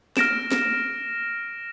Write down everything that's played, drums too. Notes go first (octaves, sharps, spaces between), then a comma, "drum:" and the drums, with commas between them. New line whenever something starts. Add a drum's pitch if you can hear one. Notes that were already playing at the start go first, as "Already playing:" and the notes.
F6 A#6 D7 E7, drum: snare
drum: snare